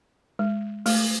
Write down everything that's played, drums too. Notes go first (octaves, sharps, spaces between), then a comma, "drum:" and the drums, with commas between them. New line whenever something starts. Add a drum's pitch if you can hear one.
G#3
A3, drum: open hi-hat